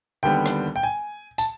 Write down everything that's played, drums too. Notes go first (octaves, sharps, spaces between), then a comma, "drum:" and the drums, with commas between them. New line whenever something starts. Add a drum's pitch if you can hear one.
D#2 D3 G3 B3 G5
drum: rim click
G5
G#5
A5, drum: tambourine